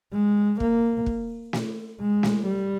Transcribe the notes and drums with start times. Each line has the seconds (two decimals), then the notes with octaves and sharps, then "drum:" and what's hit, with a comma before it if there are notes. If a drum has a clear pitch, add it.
0.13 G#3
0.60 A#3, drum: kick
1.06 drum: kick
1.53 drum: snare
2.00 G#3
2.23 drum: snare
2.46 G3